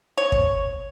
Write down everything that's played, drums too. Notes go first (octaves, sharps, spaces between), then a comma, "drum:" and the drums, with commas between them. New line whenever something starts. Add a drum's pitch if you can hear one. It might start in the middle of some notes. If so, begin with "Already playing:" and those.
C#5
drum: kick